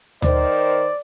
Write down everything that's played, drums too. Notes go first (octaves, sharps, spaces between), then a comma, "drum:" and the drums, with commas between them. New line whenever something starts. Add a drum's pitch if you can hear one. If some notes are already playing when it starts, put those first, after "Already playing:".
D#3 A#4 C5 D5, drum: tom D2